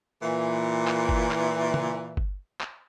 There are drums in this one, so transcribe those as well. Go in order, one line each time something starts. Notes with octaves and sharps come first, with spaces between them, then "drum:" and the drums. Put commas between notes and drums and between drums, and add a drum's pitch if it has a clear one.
A#2 E3
drum: clap
drum: kick G1
drum: clap
drum: tom
drum: kick G1
drum: clap